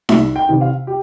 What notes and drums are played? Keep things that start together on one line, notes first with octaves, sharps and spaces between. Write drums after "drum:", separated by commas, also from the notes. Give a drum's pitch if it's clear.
C2 E5, drum: snare D#4
G5
C3 E3
F5
G4